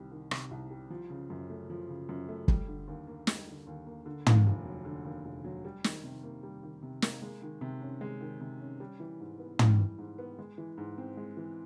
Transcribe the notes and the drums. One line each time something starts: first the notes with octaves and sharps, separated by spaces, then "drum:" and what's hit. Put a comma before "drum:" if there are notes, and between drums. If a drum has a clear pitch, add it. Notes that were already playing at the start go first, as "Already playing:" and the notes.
Already playing: C2 C3 D#3 G3
D#3
C3, drum: rim click
C2
G3
F3
C#3
F#2
A3
F3
C#3
F#2
A3
G3, drum: kick
D3
D#2
A#3
G3, drum: snare
D3
D#2
A#3
D3
D#2, drum: tom
F1
F#3
D3
D#2
F1
F#3
G3
D#3, drum: snare
C3
A#3
G3
D#3
C3
A#3, drum: snare
G#3
D#3
C3
C#4
G#3
D#3
C3
C#4
G3
E3
G#2
B3
G3, drum: tom
E3
G#2
B3
G#3
E3
G#2
C4
G#3
E3